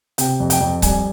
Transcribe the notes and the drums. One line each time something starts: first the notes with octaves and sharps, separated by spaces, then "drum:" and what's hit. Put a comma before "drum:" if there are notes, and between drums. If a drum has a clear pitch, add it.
C3 G5, drum: hi-hat
F2
G5, drum: hi-hat
F2
G3 G#5, drum: kick C#1, hi-hat